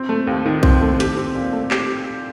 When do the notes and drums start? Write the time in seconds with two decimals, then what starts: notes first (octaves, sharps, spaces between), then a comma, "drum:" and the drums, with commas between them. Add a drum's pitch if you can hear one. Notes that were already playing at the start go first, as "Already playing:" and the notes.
Already playing: C4
0.09 A3
0.27 D#2
0.46 D#3
0.63 C4, drum: kick B1
0.81 A3
1.00 G4, drum: hi-hat
1.17 C4
1.35 A#2
1.53 A3
1.71 G4, drum: clap